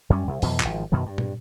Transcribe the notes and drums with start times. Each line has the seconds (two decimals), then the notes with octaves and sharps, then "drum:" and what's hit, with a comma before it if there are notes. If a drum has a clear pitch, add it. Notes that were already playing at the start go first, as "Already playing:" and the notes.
0.10 F#2 G3 C#4
0.27 C2
0.42 F2 B2 E3 F#3, drum: open hi-hat
0.60 G#1 F3, drum: clap
0.92 F#2 B2 D#3 F#3
1.06 G2
1.18 drum: tom